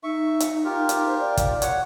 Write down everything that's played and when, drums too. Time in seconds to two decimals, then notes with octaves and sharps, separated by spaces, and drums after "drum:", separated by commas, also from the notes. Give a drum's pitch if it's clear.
0.04 D#4 E5 C#6
0.40 drum: hi-hat
0.64 F4 G4 A#4
0.89 drum: hi-hat
1.07 C5
1.20 D5
1.37 drum: kick, hi-hat
1.62 C#5 F#5, drum: hi-hat